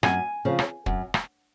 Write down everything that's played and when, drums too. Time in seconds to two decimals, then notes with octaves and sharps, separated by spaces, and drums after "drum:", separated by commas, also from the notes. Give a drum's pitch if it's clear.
0.03 F#2 G#5, drum: rim click
0.45 C#3 F3
0.59 drum: rim click
0.86 F#2, drum: kick
1.14 drum: rim click